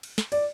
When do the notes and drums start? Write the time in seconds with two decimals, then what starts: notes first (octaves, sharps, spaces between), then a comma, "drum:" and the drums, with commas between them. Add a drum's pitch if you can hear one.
0.03 drum: cymbal
0.18 drum: snare
0.32 D5, drum: cymbal